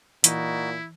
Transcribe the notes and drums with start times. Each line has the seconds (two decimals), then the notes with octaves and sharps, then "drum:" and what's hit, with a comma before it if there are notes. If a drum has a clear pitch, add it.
0.24 A#2 E3 D#4 E4 F#4, drum: hi-hat